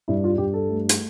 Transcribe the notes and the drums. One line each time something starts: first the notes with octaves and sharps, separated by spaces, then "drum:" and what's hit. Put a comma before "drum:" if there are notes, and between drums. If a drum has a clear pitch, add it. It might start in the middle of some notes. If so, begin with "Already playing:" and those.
G2 E4
F4
G2 G4
A4
A3
drum: hi-hat